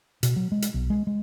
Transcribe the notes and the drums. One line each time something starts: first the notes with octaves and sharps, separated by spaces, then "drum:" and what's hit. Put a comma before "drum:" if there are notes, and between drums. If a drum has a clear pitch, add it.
B2, drum: hi-hat
F#3
G#3
drum: hi-hat
B1
G#3
G#3